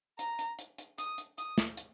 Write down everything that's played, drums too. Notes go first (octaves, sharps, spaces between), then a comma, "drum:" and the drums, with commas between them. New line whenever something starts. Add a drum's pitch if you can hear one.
A#5, drum: hi-hat
drum: hi-hat
drum: hi-hat
drum: hi-hat
D#6, drum: hi-hat
drum: hi-hat
D#6, drum: hi-hat
drum: snare
drum: hi-hat